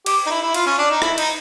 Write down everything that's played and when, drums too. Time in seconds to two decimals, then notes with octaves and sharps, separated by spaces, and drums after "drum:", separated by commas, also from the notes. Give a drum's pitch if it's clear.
0.06 G4, drum: cymbal
0.26 D#4
0.31 E4
0.42 E4
0.54 F4, drum: cymbal
0.66 C#4
0.78 D4
0.90 D#4
1.02 E4, drum: rim click
1.18 D#4, drum: cymbal